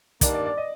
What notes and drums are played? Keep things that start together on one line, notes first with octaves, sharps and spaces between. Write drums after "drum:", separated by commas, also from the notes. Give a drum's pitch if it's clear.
G2 D#3 G3 A#3 D4 D5, drum: kick, hi-hat
D5
D5
D#5